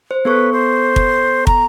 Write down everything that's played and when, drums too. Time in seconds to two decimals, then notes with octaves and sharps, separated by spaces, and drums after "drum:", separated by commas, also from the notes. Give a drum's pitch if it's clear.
0.11 C5
0.25 B3 A4 B4 C#6
0.52 C5
0.96 drum: kick
1.47 A#5, drum: kick